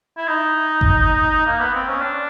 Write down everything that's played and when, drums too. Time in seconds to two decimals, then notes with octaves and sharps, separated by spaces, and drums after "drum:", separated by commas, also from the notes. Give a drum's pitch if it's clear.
0.17 E4
0.28 D#4
0.81 drum: kick G1
1.46 A#3
1.60 B3
1.74 C4
1.88 C#4
2.02 D4